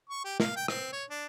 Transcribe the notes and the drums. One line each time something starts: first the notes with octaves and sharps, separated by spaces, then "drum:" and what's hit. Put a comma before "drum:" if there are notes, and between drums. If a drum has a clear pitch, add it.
C#6
G4
F5, drum: snare
G5
C4, drum: rim click
C#5
D4